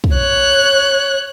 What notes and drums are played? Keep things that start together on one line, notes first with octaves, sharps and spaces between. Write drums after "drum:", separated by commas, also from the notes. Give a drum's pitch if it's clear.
drum: kick
C#5 F#6